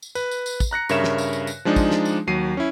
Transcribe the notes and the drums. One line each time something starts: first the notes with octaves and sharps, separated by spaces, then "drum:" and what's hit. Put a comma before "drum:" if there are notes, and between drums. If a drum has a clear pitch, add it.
drum: tambourine
B4, drum: tambourine
drum: tambourine
drum: tambourine
drum: kick, tambourine
A#5 F#6 A#6 C#7
G2 C#3 A#4 C#5 E5 E7, drum: tambourine
drum: snare
drum: tambourine
drum: tambourine
drum: tambourine
F3 G#3 D4 D#4
drum: kick, tambourine
drum: snare
drum: tambourine
D#2 F#3 C7 D#7
C#4 E4